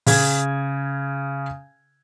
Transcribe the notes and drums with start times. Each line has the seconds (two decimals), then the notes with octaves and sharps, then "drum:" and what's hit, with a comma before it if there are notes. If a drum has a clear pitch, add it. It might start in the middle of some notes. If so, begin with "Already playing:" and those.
0.07 C#3 G#4 G#6, drum: open hi-hat